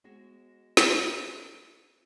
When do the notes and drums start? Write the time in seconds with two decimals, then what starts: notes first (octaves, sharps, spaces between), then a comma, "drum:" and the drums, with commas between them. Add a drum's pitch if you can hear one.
0.04 G#3 B3 F#4 G#4 A#6 E7
0.77 drum: snare